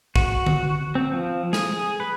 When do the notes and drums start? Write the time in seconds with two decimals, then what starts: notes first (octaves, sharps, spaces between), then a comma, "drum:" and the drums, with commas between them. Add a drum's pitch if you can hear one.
0.16 F#4, drum: kick
0.46 drum: tom D3
0.95 C4
1.13 F3
1.53 G#4, drum: snare
2.00 B4